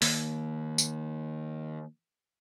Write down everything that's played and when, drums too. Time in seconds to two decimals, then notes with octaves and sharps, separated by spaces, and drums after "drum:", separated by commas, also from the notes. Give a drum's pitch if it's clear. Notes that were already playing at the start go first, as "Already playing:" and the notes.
0.02 D#3 A#3, drum: open hi-hat
0.78 drum: tambourine